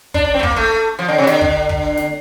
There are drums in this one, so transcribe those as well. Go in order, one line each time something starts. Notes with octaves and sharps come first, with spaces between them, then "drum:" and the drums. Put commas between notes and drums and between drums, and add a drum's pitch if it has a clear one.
D4, drum: kick
D4
C4
A3
A#3, drum: kick
A3
F3
D3
C3
D3, drum: snare
drum: kick
drum: kick
drum: snare